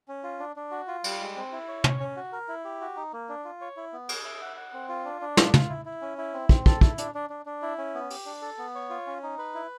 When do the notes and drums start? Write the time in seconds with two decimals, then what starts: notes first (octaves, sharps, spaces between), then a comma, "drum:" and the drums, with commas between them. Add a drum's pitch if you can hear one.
0.08 C#4
0.24 F4
0.39 D4
0.56 D4
0.71 F#4
0.88 F4
1.04 G3, drum: cymbal
1.21 G#3
1.36 C4
1.52 E4
1.68 C#5
1.84 C#4, drum: tom
2.00 C#4
2.16 F#4
2.32 A#4
2.49 E4
2.65 G4
2.81 F#4
2.96 D#4
3.13 A#3
3.29 D4
3.45 F4
3.61 C#5
3.77 E4
3.93 B3
4.09 G#4, drum: cymbal
4.25 E5
4.42 F#5
4.57 F#5
4.73 C4
4.89 F4
5.05 D4
5.21 D4
5.37 F4, drum: snare
5.54 F4, drum: tom
5.69 E4
5.85 E4
6.02 C#4
6.18 E4
6.34 C4
6.49 C4, drum: kick
6.66 A4, drum: kick
6.81 E4, drum: kick
6.98 D4, drum: hi-hat
7.15 D4
7.30 D4
7.46 D4
7.62 E4
7.78 C#4
7.94 B3
8.10 G4, drum: open hi-hat
8.26 D4
8.42 A4
8.58 B3
8.75 C#5
8.90 F4
9.07 C#4
9.23 D#4
9.38 B4
9.55 E4